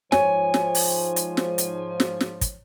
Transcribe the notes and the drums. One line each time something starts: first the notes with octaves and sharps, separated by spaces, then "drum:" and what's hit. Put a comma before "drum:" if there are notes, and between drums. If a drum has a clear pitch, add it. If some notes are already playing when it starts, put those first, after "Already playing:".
G#2 F3 C5 C#5 G#5, drum: snare
drum: snare
drum: open hi-hat
drum: hi-hat
drum: snare
drum: hi-hat
drum: snare
drum: snare
drum: kick, hi-hat